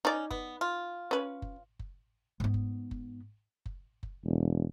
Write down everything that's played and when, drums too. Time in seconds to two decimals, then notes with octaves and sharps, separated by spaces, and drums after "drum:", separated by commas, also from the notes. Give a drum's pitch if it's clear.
0.05 C#4 D#4 D5
0.31 B3, drum: kick F#1
0.61 F4
1.11 C#4 B4
1.42 drum: kick F#1
1.79 drum: kick F#1
2.40 G#2 B3
2.54 drum: kick F#1
2.91 drum: kick F#1
3.66 drum: kick F#1
4.03 drum: kick F#1
4.25 E1